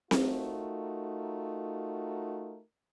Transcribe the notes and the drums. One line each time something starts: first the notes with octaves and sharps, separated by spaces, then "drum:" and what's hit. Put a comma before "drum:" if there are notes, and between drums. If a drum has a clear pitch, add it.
A3 D#4 F4 F#4 A#4, drum: snare C4